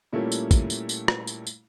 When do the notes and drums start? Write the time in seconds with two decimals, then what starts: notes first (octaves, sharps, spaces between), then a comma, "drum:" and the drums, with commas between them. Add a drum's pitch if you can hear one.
0.13 A#2 G3 A3 A#3 C#4 E4
0.32 drum: tambourine
0.51 drum: kick, tambourine
0.70 drum: tambourine
0.89 drum: tambourine
1.08 drum: rim click
1.27 drum: tambourine
1.47 drum: tambourine